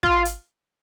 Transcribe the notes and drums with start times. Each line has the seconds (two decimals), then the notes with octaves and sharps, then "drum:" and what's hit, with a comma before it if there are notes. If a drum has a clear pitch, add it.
0.03 F4, drum: kick
0.25 drum: hi-hat